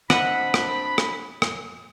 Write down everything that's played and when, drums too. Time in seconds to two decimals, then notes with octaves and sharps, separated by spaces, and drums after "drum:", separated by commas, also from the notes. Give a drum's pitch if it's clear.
0.10 C4 D4 D#5 E5 F#5 B5, drum: rim click
0.54 drum: rim click
0.98 drum: rim click
1.42 drum: rim click